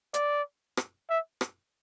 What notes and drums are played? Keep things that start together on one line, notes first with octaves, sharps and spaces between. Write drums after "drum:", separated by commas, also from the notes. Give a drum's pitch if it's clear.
D5, drum: hi-hat
drum: rim click
E5
drum: rim click